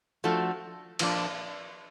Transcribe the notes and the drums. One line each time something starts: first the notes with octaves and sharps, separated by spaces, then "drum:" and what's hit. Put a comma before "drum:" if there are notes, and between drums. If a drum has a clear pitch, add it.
F3 A3 D4 F#4 A4
A#2 F3 A#3 D4, drum: cymbal